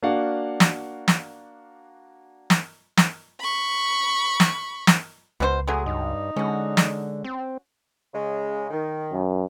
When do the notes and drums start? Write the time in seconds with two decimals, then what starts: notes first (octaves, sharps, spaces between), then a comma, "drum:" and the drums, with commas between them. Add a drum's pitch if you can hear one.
0.02 A#3 D4 F#4 D5 F5 F#5
0.60 drum: snare
1.08 drum: snare
2.50 drum: snare
2.97 drum: snare
3.40 B5 C#6
4.40 drum: snare
4.87 drum: snare
5.40 C#2 B2 D4 C5
5.68 F#3 G#3 A3 G#4
5.86 G2 D#4
6.36 D3 G#3 C#4 F#4
6.77 drum: snare
7.24 C4
8.13 C#3 G#3
8.70 D#3
9.12 F#2